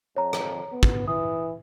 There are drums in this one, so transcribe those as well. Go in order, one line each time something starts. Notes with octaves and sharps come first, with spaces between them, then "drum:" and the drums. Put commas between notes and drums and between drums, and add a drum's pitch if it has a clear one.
F2 C#5 A#5
drum: rim click
B3
drum: kick
E3 D#6